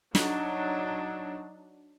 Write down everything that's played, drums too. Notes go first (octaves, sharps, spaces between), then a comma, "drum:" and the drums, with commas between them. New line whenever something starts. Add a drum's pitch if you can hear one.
F#3 D4 D#4, drum: snare